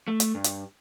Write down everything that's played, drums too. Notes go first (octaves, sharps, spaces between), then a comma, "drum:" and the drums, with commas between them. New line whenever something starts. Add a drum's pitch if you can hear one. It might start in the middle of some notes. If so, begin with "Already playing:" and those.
A3
drum: hi-hat
G2
drum: hi-hat